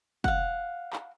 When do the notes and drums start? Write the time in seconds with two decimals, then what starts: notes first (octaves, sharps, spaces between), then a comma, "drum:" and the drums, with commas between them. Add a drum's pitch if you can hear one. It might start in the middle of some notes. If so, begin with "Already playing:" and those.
0.24 F5 F#5, drum: kick
0.93 drum: clap